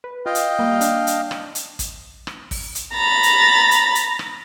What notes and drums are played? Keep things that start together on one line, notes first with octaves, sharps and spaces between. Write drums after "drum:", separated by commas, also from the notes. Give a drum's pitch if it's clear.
B4
F4 D#5 F5 G5
drum: hi-hat
G3 A#3
D4, drum: hi-hat
drum: hi-hat
drum: rim click
drum: hi-hat
drum: kick, hi-hat
drum: rim click
drum: kick, open hi-hat
drum: hi-hat
A#5 B5 A6
drum: hi-hat
drum: hi-hat
drum: hi-hat
drum: rim click